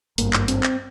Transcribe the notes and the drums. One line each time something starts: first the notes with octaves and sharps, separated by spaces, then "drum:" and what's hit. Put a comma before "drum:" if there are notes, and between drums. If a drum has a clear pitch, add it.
G#1 G2 A#3, drum: hi-hat
drum: clap
C4, drum: hi-hat
drum: clap